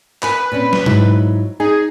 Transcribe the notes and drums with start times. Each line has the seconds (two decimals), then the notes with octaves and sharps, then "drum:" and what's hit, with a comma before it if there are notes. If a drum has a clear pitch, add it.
0.23 A#4 B4 G#5, drum: clap
0.52 A#2 C4 C#4
0.73 drum: snare
0.86 G#2 F#3 E4, drum: tom B2
1.60 D#4 G#4